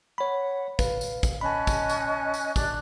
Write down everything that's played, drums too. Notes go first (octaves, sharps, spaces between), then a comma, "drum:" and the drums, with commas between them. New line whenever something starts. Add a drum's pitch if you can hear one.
C#5 F#5 B5
B4 F5, drum: kick, tambourine
drum: tambourine
drum: kick, tambourine
C#4 D#5 A5 B5 F#6
drum: kick, tambourine
drum: tambourine
drum: tambourine
D4 D5 F#6, drum: kick, tambourine